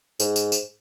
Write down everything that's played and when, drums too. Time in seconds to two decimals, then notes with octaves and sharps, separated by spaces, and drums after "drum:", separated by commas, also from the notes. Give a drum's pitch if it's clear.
0.20 G#2, drum: tambourine
0.36 drum: tambourine
0.52 drum: tambourine